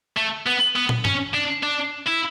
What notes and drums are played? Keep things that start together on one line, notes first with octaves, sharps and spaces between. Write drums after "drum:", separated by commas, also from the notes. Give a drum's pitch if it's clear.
A3
B3
B3
drum: tom
C#4, drum: tom G2
D4
D4
E4